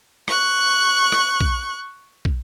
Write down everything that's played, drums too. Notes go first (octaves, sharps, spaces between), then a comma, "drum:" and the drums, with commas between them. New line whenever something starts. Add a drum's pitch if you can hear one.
C#6 F#6, drum: rim click
drum: rim click
drum: kick
drum: kick